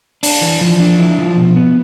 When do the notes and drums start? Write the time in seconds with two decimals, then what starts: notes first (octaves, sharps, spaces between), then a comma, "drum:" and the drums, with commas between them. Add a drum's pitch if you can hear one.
0.23 D4, drum: open hi-hat
0.41 E3
0.61 F3
0.79 D4
0.99 E4
1.18 F3
1.37 B2
1.56 B3